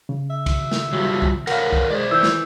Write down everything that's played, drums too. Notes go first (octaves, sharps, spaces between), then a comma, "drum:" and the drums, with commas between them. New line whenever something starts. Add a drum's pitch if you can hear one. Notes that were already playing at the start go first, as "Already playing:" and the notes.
C#3
E5
drum: kick, cymbal
drum: snare
F#3 G3 F4
drum: kick
A#4 B4 C#5 F5 F#5, drum: cymbal
drum: kick
G#3 C5 D5
E3 E6 G6
drum: snare